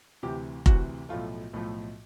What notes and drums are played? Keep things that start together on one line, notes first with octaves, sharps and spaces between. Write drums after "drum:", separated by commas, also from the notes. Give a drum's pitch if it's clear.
D2 C3 E3 G4
D2 C3 E3 F#4, drum: kick F1
B1 A2 F3 A3 F4
B1 A2 F3 A3